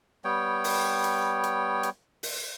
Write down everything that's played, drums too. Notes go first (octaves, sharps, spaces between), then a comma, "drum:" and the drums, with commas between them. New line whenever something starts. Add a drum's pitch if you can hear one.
G3 B3 C#5 G5
drum: open hi-hat
drum: hi-hat
drum: hi-hat
drum: hi-hat
drum: open hi-hat